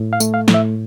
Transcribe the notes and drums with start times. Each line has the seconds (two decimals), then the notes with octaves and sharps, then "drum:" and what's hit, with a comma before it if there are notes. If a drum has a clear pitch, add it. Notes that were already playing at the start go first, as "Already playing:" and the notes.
Already playing: A2
0.13 F5
0.20 A3, drum: tambourine
0.34 F5
0.48 A2, drum: snare
0.54 E5